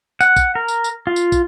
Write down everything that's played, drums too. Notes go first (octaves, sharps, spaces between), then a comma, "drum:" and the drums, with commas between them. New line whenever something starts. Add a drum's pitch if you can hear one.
F#5, drum: tambourine
drum: kick, tambourine
A#4
drum: tambourine
drum: tambourine
F4
drum: tambourine
drum: kick, tambourine